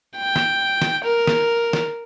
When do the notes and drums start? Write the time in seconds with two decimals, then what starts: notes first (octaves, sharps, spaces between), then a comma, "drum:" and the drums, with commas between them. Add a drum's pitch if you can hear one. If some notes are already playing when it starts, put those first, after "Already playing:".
0.17 G5
0.36 drum: snare
0.82 drum: snare
1.04 A#4
1.27 drum: snare
1.73 drum: snare